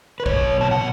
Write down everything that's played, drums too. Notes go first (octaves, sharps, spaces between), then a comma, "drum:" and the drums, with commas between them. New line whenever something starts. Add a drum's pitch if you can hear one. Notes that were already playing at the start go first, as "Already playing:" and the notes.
B4
B2 F#3 B3 C#5, drum: kick
A5
F#5